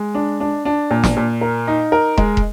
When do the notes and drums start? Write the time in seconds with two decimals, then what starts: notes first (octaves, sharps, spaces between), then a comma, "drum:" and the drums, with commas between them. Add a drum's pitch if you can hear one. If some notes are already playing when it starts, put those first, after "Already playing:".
Already playing: G#3
0.15 D4
0.40 D4
0.65 D4
0.91 A#2
1.04 drum: snare
1.17 A#2
1.41 A#4
1.68 D#4
1.92 A#4
2.18 G#3, drum: kick
2.37 drum: kick